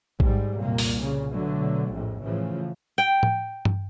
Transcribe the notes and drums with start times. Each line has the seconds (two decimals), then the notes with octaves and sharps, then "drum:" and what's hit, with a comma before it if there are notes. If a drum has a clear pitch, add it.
0.20 G#2 G3, drum: kick A1
0.59 C2 F2 A#2 A#3
0.78 drum: open hi-hat
1.00 A#2 C#3
1.31 B2 D3 F#3 A3
1.91 A#1 F2 A2
2.23 A2 C#3 E3 F3
2.98 G5
3.23 drum: tom A2
3.65 drum: tom G2